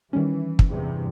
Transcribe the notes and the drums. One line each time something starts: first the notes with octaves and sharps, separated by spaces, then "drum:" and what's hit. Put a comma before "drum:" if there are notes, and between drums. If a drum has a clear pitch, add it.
D#3 E3 G3 C#4
drum: kick
E2 G2 C3